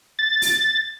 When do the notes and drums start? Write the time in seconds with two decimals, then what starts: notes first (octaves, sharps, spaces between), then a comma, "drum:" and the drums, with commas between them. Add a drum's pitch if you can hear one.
0.19 A6
0.42 drum: open hi-hat